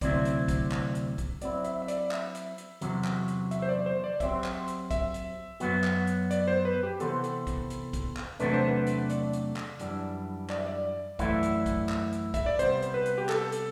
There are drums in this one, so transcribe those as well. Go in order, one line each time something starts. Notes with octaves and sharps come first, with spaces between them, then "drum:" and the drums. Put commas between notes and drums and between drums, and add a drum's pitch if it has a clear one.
D2 C3 F#3 C4 E4 D5, drum: kick, hi-hat
drum: hi-hat
drum: kick, hi-hat
drum: clap
drum: hi-hat
drum: kick, hi-hat
F#3 C4 E4 D5, drum: hi-hat
E5, drum: hi-hat
E5
D5, drum: hi-hat
E5, drum: clap
drum: hi-hat
drum: hi-hat
E2 C3 F#3, drum: hi-hat
drum: clap
drum: hi-hat
E5, drum: hi-hat
C5
D5
C5
D5
F#3 C4 G4 C5 E5, drum: kick, hi-hat
drum: clap
drum: hi-hat
E5, drum: kick, hi-hat
drum: hi-hat
F#2 F#3 B3 F#4, drum: hi-hat
drum: clap
drum: hi-hat
D5, drum: hi-hat
C5
B4
G4
C3 E3 B3 F#4 A4 C5, drum: hi-hat
drum: hi-hat
drum: kick, hi-hat
drum: hi-hat
drum: kick, hi-hat
drum: clap
E2 C3 F#3 A3 D4 B4, drum: hi-hat
C5
B4
drum: hi-hat
D5, drum: hi-hat
drum: hi-hat
drum: clap
F#2 E3 G3 D4, drum: hi-hat
D5, drum: clap
E5
D5
F#2 E3 A3 E4, drum: kick, hi-hat
drum: hi-hat
drum: kick, hi-hat
drum: clap
drum: hi-hat
E5, drum: kick, hi-hat
D5
C3 G3 B3 C5, drum: hi-hat
drum: hi-hat
B4
drum: hi-hat
G4
A4, drum: clap
drum: hi-hat